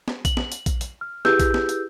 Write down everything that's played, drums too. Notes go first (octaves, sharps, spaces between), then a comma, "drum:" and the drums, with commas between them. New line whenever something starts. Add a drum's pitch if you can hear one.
drum: snare
F#7, drum: kick A#1, hi-hat
drum: snare
drum: hi-hat
drum: kick A#1, hi-hat
drum: hi-hat
F6
E4 G4 G#4 B4 E6 G6, drum: snare
drum: kick A#1, hi-hat
drum: snare
drum: hi-hat